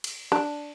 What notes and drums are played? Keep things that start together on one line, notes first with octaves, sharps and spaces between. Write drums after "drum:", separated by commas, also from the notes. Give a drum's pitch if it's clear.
drum: cymbal
D4, drum: rim click